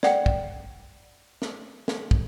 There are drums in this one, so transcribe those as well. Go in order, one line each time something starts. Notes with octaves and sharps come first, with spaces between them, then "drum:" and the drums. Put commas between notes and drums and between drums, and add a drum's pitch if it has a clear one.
D5 F#5 G5, drum: snare
drum: kick
drum: snare
drum: snare
drum: kick